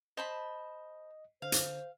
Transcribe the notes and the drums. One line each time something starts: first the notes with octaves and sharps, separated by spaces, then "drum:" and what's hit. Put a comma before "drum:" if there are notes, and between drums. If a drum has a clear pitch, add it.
C5 D#5 A5 B5
D3 C5 F5
drum: hi-hat